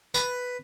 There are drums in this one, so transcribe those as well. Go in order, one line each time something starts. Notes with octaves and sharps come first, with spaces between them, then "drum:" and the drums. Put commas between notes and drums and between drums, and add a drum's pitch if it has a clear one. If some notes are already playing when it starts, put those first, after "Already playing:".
B4, drum: tambourine